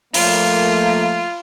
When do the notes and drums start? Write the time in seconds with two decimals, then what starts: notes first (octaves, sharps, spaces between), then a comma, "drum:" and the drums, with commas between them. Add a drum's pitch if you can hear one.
0.14 F3 A3 A#3 F4, drum: open hi-hat